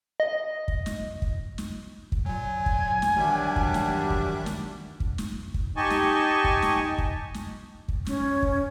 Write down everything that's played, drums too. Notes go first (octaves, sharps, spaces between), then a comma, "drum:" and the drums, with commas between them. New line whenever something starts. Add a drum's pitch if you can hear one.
D#5
drum: kick
drum: snare
drum: kick
drum: snare
drum: kick
A#2 F#3 G#5
drum: kick
drum: snare
A1 D#3 F#3 G3 D4 E5
drum: kick
drum: snare
drum: kick
drum: snare
drum: kick
drum: snare
drum: kick
D#4 G4 D#5 G#5 A5 C#6
drum: snare
drum: kick
drum: snare
drum: kick
drum: snare
drum: kick
C#4, drum: snare
drum: kick